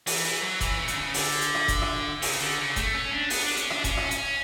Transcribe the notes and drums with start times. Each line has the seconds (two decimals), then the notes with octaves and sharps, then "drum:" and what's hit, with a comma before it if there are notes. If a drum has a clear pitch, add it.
0.07 E3, drum: open hi-hat
0.25 E3
0.42 F#3
0.61 E3, drum: kick F1, hi-hat
0.79 C#3
0.88 D3, drum: hi-hat
0.96 C#3
1.14 D3, drum: open hi-hat
1.41 drum: hi-hat
1.55 drum: rim click
1.68 drum: kick F1, hi-hat
1.82 drum: rim click
2.22 C#3, drum: open hi-hat
2.40 D3
2.58 C#3
2.76 A3, drum: kick F1, hi-hat
2.94 C#4
3.12 D4
3.30 B3, drum: open hi-hat
3.43 D4
3.57 C#4, drum: hi-hat
3.70 D4, drum: rim click
3.84 C#4, drum: kick F1, hi-hat
3.97 drum: rim click
4.11 C#4, drum: hi-hat